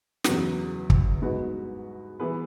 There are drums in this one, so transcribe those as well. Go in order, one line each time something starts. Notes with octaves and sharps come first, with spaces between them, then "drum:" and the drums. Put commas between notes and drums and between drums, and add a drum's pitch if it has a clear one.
E2 C#3 F#3 B3, drum: snare
drum: kick
G#2 G#3 B3 F#4 B4
E3 B3 G#4 B4